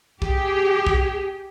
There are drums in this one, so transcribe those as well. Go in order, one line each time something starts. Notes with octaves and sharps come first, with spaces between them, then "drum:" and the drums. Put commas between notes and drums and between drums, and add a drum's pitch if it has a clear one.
G4 G#4, drum: kick
drum: kick